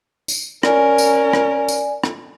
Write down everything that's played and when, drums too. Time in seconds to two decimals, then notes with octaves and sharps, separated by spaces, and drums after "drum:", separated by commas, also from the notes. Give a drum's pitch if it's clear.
0.28 drum: tambourine
0.63 C#4 A#4 D5 G#5, drum: rim click
0.98 drum: tambourine
1.33 drum: rim click
1.68 drum: tambourine
2.04 drum: rim click